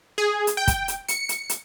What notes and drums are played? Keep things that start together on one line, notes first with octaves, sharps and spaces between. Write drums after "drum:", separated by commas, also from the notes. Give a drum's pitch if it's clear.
G#4
drum: hi-hat
G5
drum: kick, hi-hat
drum: hi-hat
C#7, drum: hi-hat
drum: hi-hat
drum: hi-hat